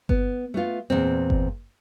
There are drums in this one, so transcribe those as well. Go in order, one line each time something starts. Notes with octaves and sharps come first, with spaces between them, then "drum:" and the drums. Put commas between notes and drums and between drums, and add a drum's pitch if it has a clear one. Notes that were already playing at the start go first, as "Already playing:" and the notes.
B3, drum: kick G1
A3 B3 F4
E2 A#2 C4
drum: kick G1